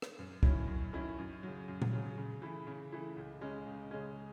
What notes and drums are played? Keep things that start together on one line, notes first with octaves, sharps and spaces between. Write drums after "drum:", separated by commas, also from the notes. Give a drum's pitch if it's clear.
drum: rim click
F#2
D#3 F#3 C#4 E4, drum: kick
F#2
D#3 F#3 C#4 E4
F#2
C#3 F#3
F#2
drum: tom
C#3 F#3
C#3
E3 A3 E4
C#3
E3 A3 E4
C#2
C#3 G#3 C#4
C#2
C#3 G#3 C#4